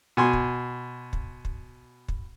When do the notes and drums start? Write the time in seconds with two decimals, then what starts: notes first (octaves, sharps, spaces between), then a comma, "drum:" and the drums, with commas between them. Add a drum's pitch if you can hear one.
0.17 B2 G#5 C6
0.33 drum: kick
1.13 drum: kick
1.45 drum: kick
2.09 drum: kick